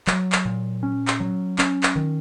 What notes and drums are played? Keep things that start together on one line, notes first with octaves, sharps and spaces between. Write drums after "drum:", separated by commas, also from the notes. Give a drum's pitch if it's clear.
F#3, drum: clap
drum: clap
A#2
C#4
drum: clap
F#3
C#4, drum: clap
drum: clap
D#3